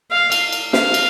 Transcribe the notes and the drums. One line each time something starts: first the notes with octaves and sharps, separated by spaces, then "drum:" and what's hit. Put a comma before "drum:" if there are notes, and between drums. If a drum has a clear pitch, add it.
F5
drum: cymbal
drum: cymbal
F5, drum: snare
drum: cymbal